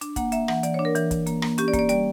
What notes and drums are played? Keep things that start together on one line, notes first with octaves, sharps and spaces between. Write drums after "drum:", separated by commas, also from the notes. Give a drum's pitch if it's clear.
D4, drum: hi-hat
A#3 F#5, drum: kick, hi-hat
A#3 E5, drum: hi-hat
E3 F#5, drum: rim click
E3 D5, drum: hi-hat
D4 C#5
A#4
E3, drum: hi-hat
E3, drum: kick, hi-hat
A#3, drum: hi-hat
A#3, drum: rim click
C#4 G4, drum: hi-hat
D5
A#3, drum: kick, hi-hat
D5
G3 D5, drum: hi-hat